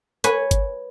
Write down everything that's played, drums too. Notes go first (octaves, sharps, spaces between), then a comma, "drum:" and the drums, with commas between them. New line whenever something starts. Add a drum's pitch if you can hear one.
B4 C#5 G#5, drum: hi-hat
drum: kick G1, hi-hat